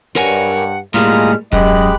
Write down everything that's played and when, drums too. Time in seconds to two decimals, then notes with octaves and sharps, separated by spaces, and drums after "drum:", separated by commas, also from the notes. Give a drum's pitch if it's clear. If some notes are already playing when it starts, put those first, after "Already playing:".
0.16 G2 A#4 C#5 F#5 G#5, drum: snare
0.94 A2 G3 G#3 A#3 F4 A#5 D#6 F6
1.53 F#2 G#3 G4 D#5 B5 F#6, drum: kick D#1